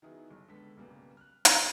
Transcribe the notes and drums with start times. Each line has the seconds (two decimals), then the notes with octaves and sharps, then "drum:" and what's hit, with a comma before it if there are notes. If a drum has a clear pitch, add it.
0.02 D#3 F#3 B3 D#4 E4 G#4
0.31 G1
0.48 C#2 D3 B3 A4 B6
0.77 B1 G2 C#3 G3 A#3 B3
1.17 F6 F#6
1.45 D#3 F#3 G3 A#3 B3, drum: hi-hat